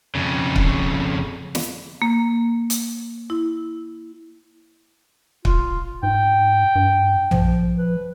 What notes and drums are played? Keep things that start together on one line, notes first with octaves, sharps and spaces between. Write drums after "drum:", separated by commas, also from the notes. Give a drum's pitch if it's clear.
F2 C#3
drum: kick
drum: snare
A#3
drum: hi-hat
E4
F4, drum: kick
G#2 G5
G2
F3, drum: tom A#1
B4